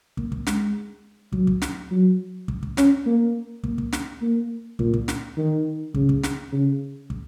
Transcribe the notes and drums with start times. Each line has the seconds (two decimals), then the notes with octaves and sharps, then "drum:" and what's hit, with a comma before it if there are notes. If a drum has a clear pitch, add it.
0.17 A#3, drum: kick
0.32 drum: kick
0.47 G#3, drum: snare
1.32 F#3, drum: kick
1.47 drum: kick
1.62 drum: snare
1.91 F#3
2.48 drum: kick
2.63 drum: kick
2.77 C#4, drum: snare
3.06 A#3
3.63 A#3, drum: kick
3.78 drum: kick
3.92 drum: snare
4.21 A#3
4.79 A#2, drum: kick
4.93 drum: kick
5.08 drum: snare
5.37 D#3
5.94 C#3, drum: kick
6.09 drum: kick
6.23 drum: snare
6.52 C#3
7.10 drum: kick